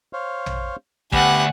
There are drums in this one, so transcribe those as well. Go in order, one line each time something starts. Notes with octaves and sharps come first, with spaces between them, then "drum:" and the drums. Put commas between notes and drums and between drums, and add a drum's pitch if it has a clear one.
C5 C#5 F5
drum: tom
D2 B3 G4 F#5 G#5, drum: kick